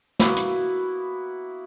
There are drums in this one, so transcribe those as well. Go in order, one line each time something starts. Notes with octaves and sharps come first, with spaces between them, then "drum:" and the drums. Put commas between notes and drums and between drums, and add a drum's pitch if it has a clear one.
A#3 B3 E4 F#4, drum: snare
drum: hi-hat